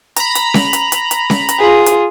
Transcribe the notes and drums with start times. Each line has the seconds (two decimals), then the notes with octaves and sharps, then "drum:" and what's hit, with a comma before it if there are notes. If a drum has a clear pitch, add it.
0.16 A#5 B5, drum: hi-hat
0.35 drum: hi-hat
0.54 drum: snare C#4
0.73 drum: hi-hat
0.92 drum: hi-hat
1.11 drum: hi-hat
1.30 drum: snare C#4
1.49 drum: hi-hat
1.60 F4 G#4
1.86 drum: hi-hat